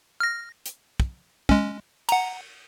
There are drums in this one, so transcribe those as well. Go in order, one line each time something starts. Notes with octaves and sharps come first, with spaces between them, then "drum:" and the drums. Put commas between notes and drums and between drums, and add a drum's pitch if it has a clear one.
F6 A#6
drum: hi-hat
drum: kick
G#3 C#4, drum: kick
F#5 A#5, drum: cymbal